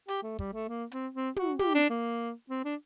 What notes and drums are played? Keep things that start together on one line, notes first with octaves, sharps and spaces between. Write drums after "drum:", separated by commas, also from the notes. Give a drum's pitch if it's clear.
G4, drum: hi-hat
A3
G3, drum: kick
A3
A#3
C4, drum: hi-hat
C4
F#4, drum: tom
G4, drum: tom
D4
A#3
C4
D4